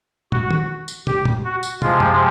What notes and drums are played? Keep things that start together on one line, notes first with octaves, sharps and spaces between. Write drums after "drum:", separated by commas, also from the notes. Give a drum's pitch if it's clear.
F#4, drum: tom
drum: tom
drum: tambourine
G4, drum: tom
drum: tom
F#4
drum: tambourine
C3 F3 G#3 F4, drum: tom
drum: tom F#2